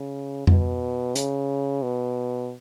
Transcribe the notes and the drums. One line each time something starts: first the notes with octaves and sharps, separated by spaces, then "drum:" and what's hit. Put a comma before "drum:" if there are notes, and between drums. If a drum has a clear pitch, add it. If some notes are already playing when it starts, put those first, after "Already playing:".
Already playing: C#3
B2, drum: tom F2
C#3, drum: hi-hat
B2